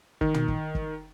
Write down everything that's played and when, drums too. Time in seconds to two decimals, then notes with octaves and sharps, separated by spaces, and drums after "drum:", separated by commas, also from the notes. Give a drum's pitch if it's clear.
0.21 D#3, drum: kick
0.34 drum: tom
0.48 drum: kick
0.75 drum: kick